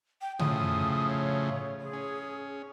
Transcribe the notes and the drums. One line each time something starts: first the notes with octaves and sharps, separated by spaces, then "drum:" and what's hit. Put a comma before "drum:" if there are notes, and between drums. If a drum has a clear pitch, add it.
G5
A2 C#3 F3 D#6, drum: tom
C#5
G#4
C#4